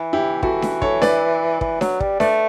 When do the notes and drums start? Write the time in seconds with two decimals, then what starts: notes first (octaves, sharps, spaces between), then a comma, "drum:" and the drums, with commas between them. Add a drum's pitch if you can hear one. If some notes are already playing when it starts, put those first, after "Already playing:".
Already playing: E3
0.13 E4 G4
0.43 E3 F#4 A4, drum: kick
0.62 drum: snare D4
0.82 A4 C#5, drum: kick
1.02 B4 D5, drum: snare D4
1.61 E3, drum: kick
1.81 F#3, drum: snare D4
2.00 G3, drum: kick
2.20 A3 B4 D5, drum: snare D4